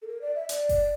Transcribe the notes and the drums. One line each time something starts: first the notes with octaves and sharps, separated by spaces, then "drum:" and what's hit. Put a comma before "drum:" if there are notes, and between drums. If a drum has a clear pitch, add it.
A4
A#4
D5
E5
D5, drum: hi-hat
drum: kick G1, open hi-hat